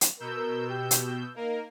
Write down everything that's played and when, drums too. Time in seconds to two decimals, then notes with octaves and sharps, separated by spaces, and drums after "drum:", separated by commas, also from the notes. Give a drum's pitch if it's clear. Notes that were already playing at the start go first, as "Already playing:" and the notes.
0.01 drum: hi-hat
0.20 B2 A#4 E6 G6
0.69 G4
0.91 drum: hi-hat
1.35 A#3 D#4 A#4